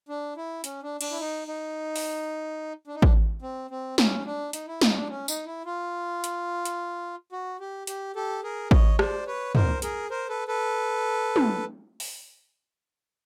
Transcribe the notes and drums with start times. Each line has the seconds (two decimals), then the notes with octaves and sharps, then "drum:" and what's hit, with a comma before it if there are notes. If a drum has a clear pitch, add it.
0.09 D4
0.37 E4
0.64 C#4, drum: hi-hat
0.83 D4
1.01 D4, drum: cymbal
1.11 E4
1.20 D#4
1.48 D#4
1.96 drum: open hi-hat
2.87 D4
2.95 D#4
3.02 D4, drum: kick
3.42 C4
3.71 C4
3.98 C#4, drum: snare
4.26 D4
4.53 D#4, drum: hi-hat
4.68 E4
4.81 D#4, drum: snare
4.91 C#4
4.95 D4
5.10 C#4
5.28 D#4, drum: tambourine
5.46 E4
5.65 F4
6.24 drum: hi-hat
6.65 drum: hi-hat
7.32 F#4
7.60 G4
7.87 G4, drum: hi-hat
8.16 G4 A4
8.43 G#4 A#4
8.71 C#5 D#5, drum: kick
8.99 C5 D5, drum: rim click
9.27 B4 C#5
9.55 A#4 C5, drum: tom
9.82 G#4 A#4, drum: hi-hat
10.10 A#4 C5
10.29 A4 B4
10.48 A4 B4
11.36 drum: tom
12.00 drum: open hi-hat